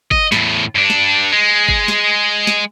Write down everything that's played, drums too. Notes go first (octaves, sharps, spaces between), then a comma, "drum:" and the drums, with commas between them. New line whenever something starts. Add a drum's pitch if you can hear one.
D#5, drum: kick G1
E2 A2, drum: snare
G2 D4
drum: snare
G#3
drum: kick G1
drum: snare
drum: snare